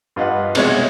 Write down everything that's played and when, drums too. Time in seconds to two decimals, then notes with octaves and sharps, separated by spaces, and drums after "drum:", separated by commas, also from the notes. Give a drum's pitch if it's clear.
0.16 G2 F4 B4 D#5 F#5
0.55 B1 C3 G#3 C#5 E5, drum: cymbal